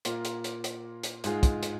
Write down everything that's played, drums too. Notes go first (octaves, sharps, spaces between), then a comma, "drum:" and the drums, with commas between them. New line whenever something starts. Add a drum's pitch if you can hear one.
A#2 A#3 F4 A#4, drum: hi-hat
drum: hi-hat
drum: hi-hat
drum: hi-hat
drum: hi-hat
G#2 G#3 F4 G#4, drum: hi-hat
drum: kick, hi-hat
drum: hi-hat